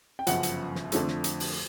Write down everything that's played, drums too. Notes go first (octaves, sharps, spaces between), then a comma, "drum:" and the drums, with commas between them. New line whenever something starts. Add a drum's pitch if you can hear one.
G5
G1 F#2 C#3 F3 F#5, drum: hi-hat
drum: hi-hat
drum: snare
F2 D3 F3 A3, drum: hi-hat
drum: snare
drum: hi-hat
drum: open hi-hat